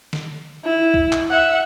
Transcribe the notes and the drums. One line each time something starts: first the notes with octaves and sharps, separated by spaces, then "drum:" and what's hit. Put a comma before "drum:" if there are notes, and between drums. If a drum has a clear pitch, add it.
drum: snare
E4
drum: kick
drum: clap
E5 F#5